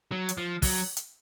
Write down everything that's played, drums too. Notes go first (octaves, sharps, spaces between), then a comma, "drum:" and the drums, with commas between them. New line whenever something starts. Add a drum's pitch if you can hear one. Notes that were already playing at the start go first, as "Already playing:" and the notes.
F#3
drum: hi-hat
F3
F#3, drum: kick, open hi-hat
drum: hi-hat